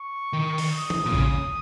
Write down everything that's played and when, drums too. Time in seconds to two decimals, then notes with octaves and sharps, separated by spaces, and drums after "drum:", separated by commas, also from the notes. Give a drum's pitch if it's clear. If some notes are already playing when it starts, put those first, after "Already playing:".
Already playing: C#6
0.33 D#3
0.58 drum: open hi-hat
0.73 D#6
0.90 drum: tom E3
1.05 A#2
1.13 C#3, drum: kick A1